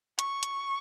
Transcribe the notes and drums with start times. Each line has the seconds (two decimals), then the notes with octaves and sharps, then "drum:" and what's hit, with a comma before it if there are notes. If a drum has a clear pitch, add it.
0.19 C#6, drum: hi-hat
0.43 drum: hi-hat